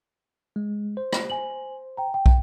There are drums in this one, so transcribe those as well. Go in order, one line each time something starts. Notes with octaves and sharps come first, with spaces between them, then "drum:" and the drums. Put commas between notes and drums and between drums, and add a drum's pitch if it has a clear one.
G#3
C5
drum: rim click
G#5 F#7
G5 A#5
G5
drum: kick